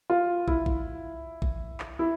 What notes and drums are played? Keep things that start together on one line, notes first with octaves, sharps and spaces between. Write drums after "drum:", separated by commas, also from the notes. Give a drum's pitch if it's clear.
F4
E4, drum: kick
drum: kick
drum: kick
drum: clap
E4